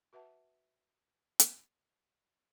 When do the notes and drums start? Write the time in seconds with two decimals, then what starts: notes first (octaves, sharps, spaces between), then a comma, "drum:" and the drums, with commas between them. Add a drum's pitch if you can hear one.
0.13 F#4 B4 E5 F#5 A5
1.40 drum: hi-hat